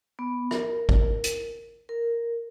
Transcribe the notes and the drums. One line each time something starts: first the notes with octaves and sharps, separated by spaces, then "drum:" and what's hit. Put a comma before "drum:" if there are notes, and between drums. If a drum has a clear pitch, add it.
B3
A#4, drum: rim click
drum: kick G#1
drum: hi-hat
A#4